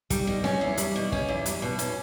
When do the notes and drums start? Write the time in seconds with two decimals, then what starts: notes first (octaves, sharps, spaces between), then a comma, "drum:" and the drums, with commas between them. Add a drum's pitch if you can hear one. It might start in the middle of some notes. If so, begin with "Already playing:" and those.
0.10 G3, drum: kick, hi-hat
0.27 B2
0.44 C#4, drum: snare C4
0.61 E2
0.77 G3, drum: hi-hat
0.96 B2
1.12 C#4, drum: kick
1.28 E2
1.46 G3, drum: hi-hat
1.62 B2
1.79 C#4, drum: hi-hat